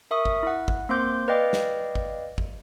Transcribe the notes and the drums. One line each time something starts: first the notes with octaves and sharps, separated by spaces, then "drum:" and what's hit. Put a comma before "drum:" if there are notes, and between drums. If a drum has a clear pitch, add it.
A#4 E5 C#6 D#6
drum: kick G#1
E4 F#5
drum: kick G#1
A#3 C4 C5 C6 D6 G6
B4 D5 D#5 F5 G5 D6
drum: snare
drum: kick G#1
drum: kick G#1